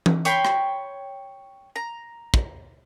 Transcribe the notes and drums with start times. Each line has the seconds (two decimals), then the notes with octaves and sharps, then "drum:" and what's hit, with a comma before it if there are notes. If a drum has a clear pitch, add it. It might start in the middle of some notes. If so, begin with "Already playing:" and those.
0.06 drum: tom E3
0.25 C#5 G5 B5 C6, drum: hi-hat
0.45 drum: rim click
1.76 A#5
2.34 drum: kick